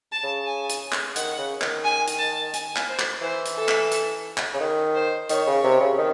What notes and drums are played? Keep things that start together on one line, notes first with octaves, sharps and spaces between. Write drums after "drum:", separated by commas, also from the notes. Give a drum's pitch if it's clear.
A5
C#3
G#5
drum: hi-hat
drum: clap
D#3 F#5, drum: hi-hat
C#3
D#3, drum: clap
G#5
drum: hi-hat
A5
G#5, drum: hi-hat
drum: clap
C5
drum: clap
E3 C5
drum: hi-hat
A4
drum: clap
drum: hi-hat
drum: clap
C#3
D#3
C5
D#3 C#5, drum: hi-hat
C#3
C3
C#3
D#3